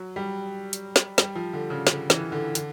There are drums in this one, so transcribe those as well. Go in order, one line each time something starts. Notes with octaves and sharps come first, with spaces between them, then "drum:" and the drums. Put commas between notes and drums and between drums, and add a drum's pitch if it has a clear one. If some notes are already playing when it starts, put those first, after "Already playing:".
Already playing: F#3
G3
drum: hi-hat
drum: snare
G3, drum: snare
F3
D3
C#3
D3, drum: snare
E3, drum: snare
D3
D3, drum: hi-hat